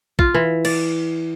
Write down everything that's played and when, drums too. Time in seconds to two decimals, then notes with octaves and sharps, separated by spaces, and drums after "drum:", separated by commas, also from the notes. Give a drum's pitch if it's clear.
0.19 F4, drum: kick
0.34 E3
0.65 D5, drum: cymbal